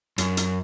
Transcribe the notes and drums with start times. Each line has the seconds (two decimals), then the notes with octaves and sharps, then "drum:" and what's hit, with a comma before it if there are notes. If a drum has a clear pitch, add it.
0.18 F#2, drum: hi-hat
0.37 drum: hi-hat